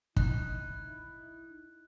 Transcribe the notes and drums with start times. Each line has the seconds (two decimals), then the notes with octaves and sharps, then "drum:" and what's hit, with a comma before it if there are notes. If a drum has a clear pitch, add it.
0.16 D#4 E4 F#6, drum: kick